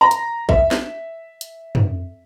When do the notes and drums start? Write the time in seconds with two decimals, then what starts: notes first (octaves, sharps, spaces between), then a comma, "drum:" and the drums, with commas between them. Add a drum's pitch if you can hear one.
0.01 A#5
0.11 drum: hi-hat
0.49 E5, drum: kick
0.71 drum: snare
1.41 drum: hi-hat
1.75 drum: tom